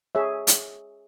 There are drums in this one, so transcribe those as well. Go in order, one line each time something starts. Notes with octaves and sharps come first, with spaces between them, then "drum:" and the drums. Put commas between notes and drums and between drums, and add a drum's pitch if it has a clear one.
G#4 C#5 E5
drum: hi-hat